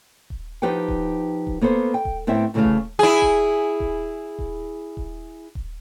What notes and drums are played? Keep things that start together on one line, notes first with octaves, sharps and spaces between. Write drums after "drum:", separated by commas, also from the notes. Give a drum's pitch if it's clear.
drum: kick D#1
F3 D#4 G4 B4 F#5 G5
drum: kick D#1
drum: kick D#1
A#3 B3 A4 C5
G5
drum: kick D#1
A2 B3 C4 E5 G5
D2 A#2 C#3 E3 A3 F5
drum: kick D#1
E4 G#4
drum: kick D#1
drum: kick D#1
drum: kick D#1
drum: kick D#1
drum: kick D#1